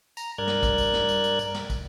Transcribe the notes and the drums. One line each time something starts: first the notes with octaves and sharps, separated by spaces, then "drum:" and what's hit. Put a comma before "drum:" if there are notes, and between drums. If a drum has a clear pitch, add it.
A#5, drum: tambourine
G2 A#4 D5 F#6 G#6
drum: snare
drum: kick, tambourine
drum: tambourine
drum: snare
drum: tambourine
drum: tambourine
drum: tambourine
drum: snare
drum: kick, tambourine